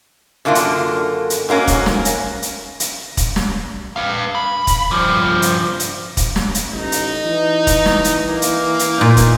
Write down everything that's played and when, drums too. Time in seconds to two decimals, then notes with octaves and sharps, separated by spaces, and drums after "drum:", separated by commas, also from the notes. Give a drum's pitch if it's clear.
0.45 F#2 D3 A#3 D4 F4
0.55 drum: hi-hat
1.30 drum: hi-hat
1.49 G#2 F#3 A#3 C#4
1.67 drum: kick, hi-hat
1.86 drum: snare
2.05 drum: hi-hat
2.42 drum: hi-hat
2.80 drum: hi-hat
3.17 drum: kick, hi-hat
3.36 drum: snare
3.96 B4 F5
4.35 B5
4.67 drum: kick, hi-hat
4.91 G2 F3
5.42 drum: hi-hat
5.80 drum: hi-hat
6.17 drum: kick, hi-hat
6.36 drum: snare
6.54 drum: hi-hat
6.72 A1 D#4
6.92 drum: hi-hat
7.25 E3
7.67 drum: kick, hi-hat
7.86 drum: snare
8.04 drum: hi-hat
8.29 A#3
8.42 drum: hi-hat
8.79 drum: hi-hat
8.98 A#2 D#4
9.17 drum: kick, hi-hat